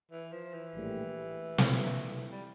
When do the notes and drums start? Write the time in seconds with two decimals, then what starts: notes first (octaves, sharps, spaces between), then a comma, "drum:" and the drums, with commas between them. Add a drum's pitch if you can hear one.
0.11 E3
0.33 F3
0.54 E3
0.74 A#1 A2 G3
1.58 D3 F3 A#3 E4, drum: snare
2.32 G3